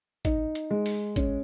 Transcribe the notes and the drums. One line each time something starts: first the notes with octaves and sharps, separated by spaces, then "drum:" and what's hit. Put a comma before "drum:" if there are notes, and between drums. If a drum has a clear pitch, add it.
D#4, drum: kick, hi-hat
drum: hi-hat
G#3
drum: open hi-hat
C#4, drum: kick, hi-hat